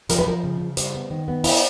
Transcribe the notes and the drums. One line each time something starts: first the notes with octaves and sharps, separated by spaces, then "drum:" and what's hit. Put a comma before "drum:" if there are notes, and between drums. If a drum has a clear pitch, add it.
F3 A#4, drum: hi-hat
B4
F3 A#4
C#3
C#3
G3 C5, drum: hi-hat
B3
D#3
B3
E4, drum: open hi-hat